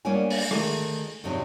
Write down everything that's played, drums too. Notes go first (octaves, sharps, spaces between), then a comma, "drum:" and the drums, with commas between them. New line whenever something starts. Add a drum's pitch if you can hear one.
G3 A#3 B3 D4 C#5 G#5
drum: open hi-hat
D2 D#3 G#3 A3, drum: rim click
F2 C3 F#3 D4 D#4